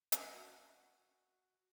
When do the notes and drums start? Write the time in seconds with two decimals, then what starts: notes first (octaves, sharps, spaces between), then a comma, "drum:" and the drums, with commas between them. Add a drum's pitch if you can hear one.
0.12 F#5, drum: hi-hat
0.34 F#4